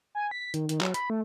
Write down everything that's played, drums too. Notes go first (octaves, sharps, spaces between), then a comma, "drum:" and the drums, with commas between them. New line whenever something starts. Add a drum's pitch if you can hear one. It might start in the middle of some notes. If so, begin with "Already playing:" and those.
G#5
B6
D#3, drum: hi-hat
D#3, drum: hi-hat
F#3, drum: clap
B5, drum: hi-hat
A3